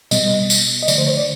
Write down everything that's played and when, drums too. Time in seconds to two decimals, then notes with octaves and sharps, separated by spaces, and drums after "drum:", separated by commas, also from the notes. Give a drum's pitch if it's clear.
0.11 B2 G3 B3 D#5, drum: tambourine
0.50 drum: tambourine
0.83 D#5
0.88 D3 F3 A3 D5, drum: tambourine
0.98 C5
1.07 C#5
1.17 D5